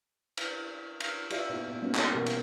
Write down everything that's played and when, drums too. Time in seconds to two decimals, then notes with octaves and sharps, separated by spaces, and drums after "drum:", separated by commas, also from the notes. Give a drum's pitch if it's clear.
0.37 drum: cymbal
1.00 drum: cymbal
1.30 F4 G4 B4 D5 E5 F5, drum: cymbal
1.50 A#2 B3 D#4 F#4 E5
1.67 A#2 B3
1.82 G3 A#3 B3 C#4 D#4 F#4
1.95 F#4 G4 C#5, drum: clap
2.12 B2 E3 B3 G4 A#4
2.26 drum: cymbal